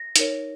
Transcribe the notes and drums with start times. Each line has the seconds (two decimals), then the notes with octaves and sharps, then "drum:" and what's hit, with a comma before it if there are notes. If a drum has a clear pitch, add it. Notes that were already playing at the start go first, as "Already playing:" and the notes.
Already playing: A#6
0.16 D#4 A#4 C#5, drum: hi-hat